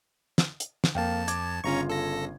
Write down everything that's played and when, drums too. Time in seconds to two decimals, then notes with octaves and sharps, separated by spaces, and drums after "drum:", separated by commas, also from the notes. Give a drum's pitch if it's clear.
0.38 drum: snare
0.60 drum: hi-hat
0.84 drum: snare
0.95 F2 A#3 F5 G5 A5
1.28 D6 G#6, drum: hi-hat
1.64 G1 C#3 C#4 F4 A#5 C#6
1.89 A4 A#6